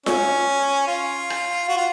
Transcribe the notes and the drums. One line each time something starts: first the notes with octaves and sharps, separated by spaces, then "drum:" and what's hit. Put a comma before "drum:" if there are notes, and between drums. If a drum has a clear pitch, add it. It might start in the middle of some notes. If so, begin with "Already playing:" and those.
C#4, drum: snare F4
F4
drum: rim click
F#4
F4